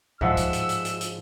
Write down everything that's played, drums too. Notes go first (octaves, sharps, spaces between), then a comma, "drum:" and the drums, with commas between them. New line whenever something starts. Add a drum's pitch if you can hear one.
G#2 F3 G#3 E5 F#5 E6, drum: kick
drum: kick, hi-hat
drum: hi-hat
drum: hi-hat
drum: hi-hat
drum: hi-hat